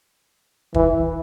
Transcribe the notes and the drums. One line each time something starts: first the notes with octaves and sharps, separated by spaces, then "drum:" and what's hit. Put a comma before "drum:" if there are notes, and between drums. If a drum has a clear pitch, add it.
E3, drum: kick